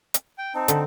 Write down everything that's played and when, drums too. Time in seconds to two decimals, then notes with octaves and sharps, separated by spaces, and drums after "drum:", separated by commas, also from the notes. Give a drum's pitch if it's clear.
0.14 drum: hi-hat
0.38 G5
0.55 C4 D#4 A5
0.68 D3, drum: hi-hat